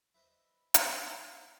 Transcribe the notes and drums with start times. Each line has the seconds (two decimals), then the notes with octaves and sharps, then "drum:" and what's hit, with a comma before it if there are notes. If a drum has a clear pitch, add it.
0.14 E4 B4 C5 D#5 E5
0.74 drum: hi-hat